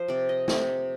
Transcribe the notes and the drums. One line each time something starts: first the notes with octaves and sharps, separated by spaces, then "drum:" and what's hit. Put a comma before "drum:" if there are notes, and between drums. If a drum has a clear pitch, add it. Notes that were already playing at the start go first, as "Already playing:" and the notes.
Already playing: F3 C5
C3 D5
D#5
C3, drum: snare